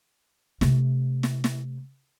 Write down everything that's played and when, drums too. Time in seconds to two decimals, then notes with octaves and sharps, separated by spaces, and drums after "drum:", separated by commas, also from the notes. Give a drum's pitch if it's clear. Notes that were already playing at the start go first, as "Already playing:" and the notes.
0.61 C3 A3, drum: snare
1.23 drum: snare
1.44 drum: snare